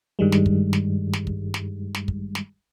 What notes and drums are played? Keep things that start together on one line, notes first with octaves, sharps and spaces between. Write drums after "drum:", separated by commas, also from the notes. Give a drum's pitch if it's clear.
G2 D#3 G3 G#3
drum: snare
drum: kick
drum: snare
drum: snare
drum: kick
drum: snare
drum: snare
drum: kick
drum: snare